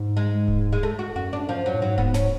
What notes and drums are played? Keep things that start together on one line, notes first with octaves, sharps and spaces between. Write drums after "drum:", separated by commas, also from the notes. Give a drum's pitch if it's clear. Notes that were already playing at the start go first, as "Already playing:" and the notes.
Already playing: G#2
G#3
drum: kick D1
G#3
A3
F#4
F#2 F#4
D4
F3
F#3
A2
G#2 F#3
B3, drum: kick D1
C#4, drum: snare